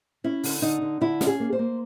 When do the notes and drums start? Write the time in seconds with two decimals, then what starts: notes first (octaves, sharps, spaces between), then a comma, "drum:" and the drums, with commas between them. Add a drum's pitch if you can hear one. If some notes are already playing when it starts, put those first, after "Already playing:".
0.24 C#4 E4
0.44 D3, drum: open hi-hat
0.62 D3 D#4
0.82 D3
1.01 D3 E4
1.21 C#4, drum: snare
1.27 G#4
1.40 A#3
1.53 C5
1.59 A#3